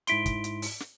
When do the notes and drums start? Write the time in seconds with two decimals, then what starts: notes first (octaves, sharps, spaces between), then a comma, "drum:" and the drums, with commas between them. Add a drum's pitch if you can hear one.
0.07 G#2 E4 C6 B6 D7 G7, drum: hi-hat
0.26 drum: kick, hi-hat
0.44 drum: hi-hat
0.62 drum: open hi-hat
0.80 drum: snare